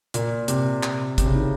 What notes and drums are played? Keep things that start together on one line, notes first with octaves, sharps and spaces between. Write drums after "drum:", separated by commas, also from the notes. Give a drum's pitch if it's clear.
A#2, drum: hi-hat
C3, drum: hi-hat
drum: clap
C3, drum: kick, hi-hat
C#3
D#3